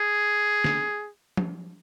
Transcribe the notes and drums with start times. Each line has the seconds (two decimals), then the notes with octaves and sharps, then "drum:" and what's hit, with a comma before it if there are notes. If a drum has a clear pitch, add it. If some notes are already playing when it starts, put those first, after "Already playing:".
Already playing: G#4
0.64 drum: snare
1.37 drum: tom F3